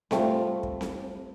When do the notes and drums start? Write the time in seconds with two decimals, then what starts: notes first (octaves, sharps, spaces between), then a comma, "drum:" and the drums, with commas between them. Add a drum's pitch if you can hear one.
0.11 G2 A3 C4 F4, drum: snare C4
0.63 drum: kick
0.81 drum: snare C4